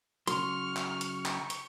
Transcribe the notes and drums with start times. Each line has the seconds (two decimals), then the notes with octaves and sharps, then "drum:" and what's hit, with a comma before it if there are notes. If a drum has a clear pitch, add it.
0.27 C#3 F#3 C6 C#6 F6, drum: hi-hat
0.76 drum: clap
1.01 drum: hi-hat
1.26 drum: clap
1.50 drum: hi-hat